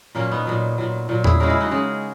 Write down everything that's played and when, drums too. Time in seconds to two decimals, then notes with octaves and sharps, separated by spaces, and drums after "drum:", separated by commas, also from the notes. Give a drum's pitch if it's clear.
0.15 A#2 F#3 A#3 C#4
0.31 B3 D#4
0.47 A#2 F#3
0.78 A#2 F#3
1.09 A#2 F#3
1.24 E4 G#4, drum: tom E2
1.40 C#3 G#3 F#4 A#4
1.50 E4 G#4
1.60 D#4 F#4
1.71 C#3 G#3